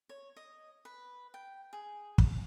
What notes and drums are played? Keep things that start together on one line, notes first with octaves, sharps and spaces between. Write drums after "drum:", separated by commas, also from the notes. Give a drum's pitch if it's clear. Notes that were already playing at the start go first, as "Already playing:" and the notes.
C#5
D#5
B4
G5
G#4
drum: kick